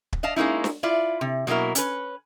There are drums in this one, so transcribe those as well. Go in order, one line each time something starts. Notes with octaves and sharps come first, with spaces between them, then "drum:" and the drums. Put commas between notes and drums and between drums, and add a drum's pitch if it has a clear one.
drum: kick
D5 D#5 F5 A5
G#3 A#3 C#4 D#4 E4
drum: snare
E4 F4 D5
C3
B2 F#3 A#3 E4 A#4
C#4 B4, drum: hi-hat